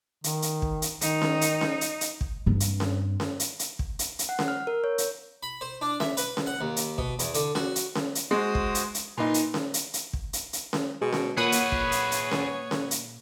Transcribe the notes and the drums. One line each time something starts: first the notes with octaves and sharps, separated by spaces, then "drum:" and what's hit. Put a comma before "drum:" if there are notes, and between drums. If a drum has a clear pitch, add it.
D#3, drum: hi-hat
drum: hi-hat
drum: kick
drum: hi-hat
D#3 D#4, drum: hi-hat
drum: snare C#4
drum: hi-hat
drum: snare C#4
drum: hi-hat
drum: hi-hat
drum: kick
G2 C4
drum: hi-hat
drum: snare C#4
drum: snare C#4
drum: hi-hat
drum: hi-hat
drum: kick
drum: hi-hat
drum: hi-hat
F#5
drum: snare C#4
F6
A#4
C#5
drum: hi-hat
B5
C5
D4
E5, drum: snare C#4
B4, drum: hi-hat
drum: snare C#4
F#5
D#2
drum: hi-hat
B2, drum: kick
E2, drum: hi-hat
D3, drum: hi-hat
F#4, drum: snare C#4
drum: hi-hat
drum: snare C#4
drum: hi-hat
G#3 F#4 C5 D#6
drum: kick
drum: hi-hat
drum: hi-hat
A#2 D#4 B4 C6
drum: hi-hat
drum: snare C#4
drum: hi-hat
drum: hi-hat
drum: kick
drum: hi-hat
drum: hi-hat
drum: snare C#4
B2 G#3
drum: snare C#4
A#2 G#4 B4 C#5 F#5 B5 D#6
drum: hi-hat
drum: kick
drum: hi-hat
drum: hi-hat
drum: snare C#4
drum: snare C#4
drum: hi-hat